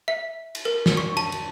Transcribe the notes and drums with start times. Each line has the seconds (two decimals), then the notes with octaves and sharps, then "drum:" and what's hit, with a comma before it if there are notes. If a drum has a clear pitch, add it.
0.08 E5
0.55 drum: cymbal
0.65 A#4
0.86 drum: snare
0.97 C#6
1.17 A5, drum: cymbal
1.32 drum: cymbal